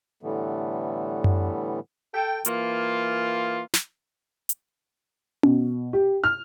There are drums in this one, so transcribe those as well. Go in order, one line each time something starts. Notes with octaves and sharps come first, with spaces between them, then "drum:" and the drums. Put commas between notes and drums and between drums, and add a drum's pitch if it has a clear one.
A2 D3 E3 G3 A3 B3
drum: tom F#2
A4 G5
E3 A#3 F4, drum: hi-hat
drum: snare
drum: hi-hat
B2, drum: tom C#4
G4
F6